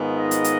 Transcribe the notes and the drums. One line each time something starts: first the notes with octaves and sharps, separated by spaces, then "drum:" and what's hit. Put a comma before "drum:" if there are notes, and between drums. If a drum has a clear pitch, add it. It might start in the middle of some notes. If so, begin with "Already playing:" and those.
Already playing: G#2 D#3 G#3 B3 F4
D#5
drum: hi-hat
drum: hi-hat